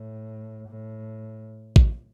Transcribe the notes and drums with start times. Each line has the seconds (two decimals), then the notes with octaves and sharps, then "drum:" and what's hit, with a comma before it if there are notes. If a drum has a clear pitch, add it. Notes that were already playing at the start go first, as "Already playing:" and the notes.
Already playing: A2
0.68 A2
1.76 drum: kick A1